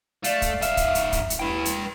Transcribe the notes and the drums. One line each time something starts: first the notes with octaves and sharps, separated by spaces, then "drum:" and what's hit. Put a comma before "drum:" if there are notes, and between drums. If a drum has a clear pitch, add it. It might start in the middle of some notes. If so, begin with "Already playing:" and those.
A3 D5 F5, drum: hi-hat
drum: kick, hi-hat
G#2 E5 F5, drum: hi-hat
drum: kick, hi-hat
drum: hi-hat
drum: kick, hi-hat
drum: hi-hat
D#2 E4 B4 G5
drum: hi-hat